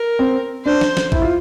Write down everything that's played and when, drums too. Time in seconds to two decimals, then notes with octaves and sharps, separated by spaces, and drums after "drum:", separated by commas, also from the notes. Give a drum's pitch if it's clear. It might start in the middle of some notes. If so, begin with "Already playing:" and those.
Already playing: A#4
0.19 C4
0.66 D4 C5
0.81 drum: snare
0.97 drum: snare
1.12 E4, drum: kick A#1
1.22 F4